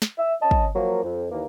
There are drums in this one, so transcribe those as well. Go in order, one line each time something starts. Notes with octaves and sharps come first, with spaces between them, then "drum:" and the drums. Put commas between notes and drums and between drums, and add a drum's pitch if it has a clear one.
drum: snare
E5
C#4 D#5 A5
drum: kick
F3 F#3 A#3
F2
D#2 E3 A#3